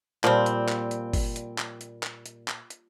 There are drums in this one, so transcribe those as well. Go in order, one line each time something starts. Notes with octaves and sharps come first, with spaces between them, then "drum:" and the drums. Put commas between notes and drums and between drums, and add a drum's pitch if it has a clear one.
A#2 F3 G3 C4, drum: clap
drum: hi-hat
drum: clap
drum: hi-hat
drum: kick G1, open hi-hat
drum: hi-hat
drum: clap
drum: hi-hat
drum: clap
drum: hi-hat
drum: clap
drum: hi-hat